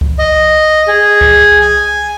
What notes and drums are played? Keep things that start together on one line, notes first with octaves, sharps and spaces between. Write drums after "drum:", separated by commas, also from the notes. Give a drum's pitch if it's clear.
drum: kick C2
D#5
G#4
drum: kick C2
G#5